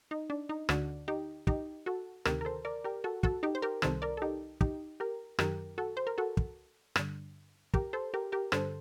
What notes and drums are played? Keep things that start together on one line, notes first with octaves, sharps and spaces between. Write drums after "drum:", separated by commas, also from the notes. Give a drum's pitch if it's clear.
D#4
D4
D#4
D2 D3 D4 F#4, drum: rim click
D#4 G4
D#4 G4, drum: kick
F#4 A4
D2 C3 D#3 G4 A#4, drum: rim click
A#4
A4 C5
A#4 D5
G4 A#4
F#4 A4
F#4 A4, drum: kick
D#4 G4
C5
G4 A#4
C2 C3 D#3 A4 C5, drum: rim click
A#4 D5
A4
D#4 G4
D#4 G4, drum: kick
G4 A#4
F#2 D#3 G4 A#4, drum: rim click
F#4 A4
C5
A#4
F#4 A4
drum: kick
G2 D3, drum: rim click
G4 A#4, drum: kick
A4 C5
G4 A#4
G4 A#4
G2 D3 A4 C5, drum: rim click